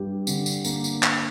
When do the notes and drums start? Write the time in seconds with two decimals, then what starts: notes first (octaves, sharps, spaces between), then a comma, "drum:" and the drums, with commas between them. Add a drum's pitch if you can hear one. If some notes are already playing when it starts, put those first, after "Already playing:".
Already playing: G2 G4
0.27 D3, drum: tambourine
0.46 drum: tambourine
0.65 A#3, drum: tambourine
0.84 drum: tambourine
1.03 drum: clap